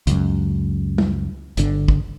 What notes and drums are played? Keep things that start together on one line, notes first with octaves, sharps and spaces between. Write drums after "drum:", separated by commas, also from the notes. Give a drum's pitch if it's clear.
C#2 F#2, drum: hi-hat
drum: tom G3
G1 D3, drum: hi-hat
drum: kick